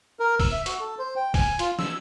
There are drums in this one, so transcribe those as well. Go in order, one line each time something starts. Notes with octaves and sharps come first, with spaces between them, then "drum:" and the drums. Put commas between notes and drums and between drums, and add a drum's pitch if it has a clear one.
A#4
E6, drum: kick, open hi-hat
E5
F#4, drum: hi-hat
A4
C5
G5
G#5, drum: kick, open hi-hat
F4, drum: hi-hat
E6, drum: snare